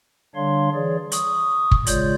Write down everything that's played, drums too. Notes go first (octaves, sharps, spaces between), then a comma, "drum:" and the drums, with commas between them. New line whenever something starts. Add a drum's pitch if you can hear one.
D3 G3 D4 C#5 F5 C6
E3 G#4 C#5 D5
C#6 D#6, drum: hi-hat
drum: kick
C#3 G#3 F4 C#5 D5 G6, drum: hi-hat